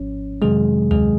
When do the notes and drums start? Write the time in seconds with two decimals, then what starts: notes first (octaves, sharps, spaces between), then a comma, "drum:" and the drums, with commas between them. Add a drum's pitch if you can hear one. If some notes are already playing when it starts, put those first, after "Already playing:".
Already playing: G#1 G#2 F3 C#4 C#5
0.42 F2 C3 D#3 F#3 G#3 G#4
0.91 G#3 G#4, drum: tom D2